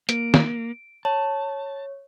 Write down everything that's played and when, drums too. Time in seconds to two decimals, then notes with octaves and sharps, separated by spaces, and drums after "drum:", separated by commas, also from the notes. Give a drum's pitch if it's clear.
0.09 A#3 D7, drum: hi-hat
0.34 drum: snare
1.05 C#5 A5